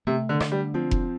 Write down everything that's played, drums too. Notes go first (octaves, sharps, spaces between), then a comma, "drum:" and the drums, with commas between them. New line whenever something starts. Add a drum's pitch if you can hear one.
C3 A3
D3
D3, drum: rim click
G3
F3 C4
drum: kick F1